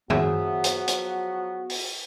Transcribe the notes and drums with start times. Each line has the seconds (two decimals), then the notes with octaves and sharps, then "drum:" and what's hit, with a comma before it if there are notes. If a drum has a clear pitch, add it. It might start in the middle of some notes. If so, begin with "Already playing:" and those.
0.10 F3 F#3 B3 F#4 G#4 E5, drum: tom G2
0.64 drum: hi-hat
0.88 drum: hi-hat
1.70 drum: open hi-hat